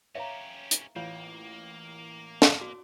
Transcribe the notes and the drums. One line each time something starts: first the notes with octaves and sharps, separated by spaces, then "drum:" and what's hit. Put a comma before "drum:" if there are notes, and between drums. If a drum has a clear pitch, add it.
C#4 G4 C#5 E5 F5 A#5
drum: hi-hat
A1 A#3 F4 C#5 F5
drum: snare
F#4 D6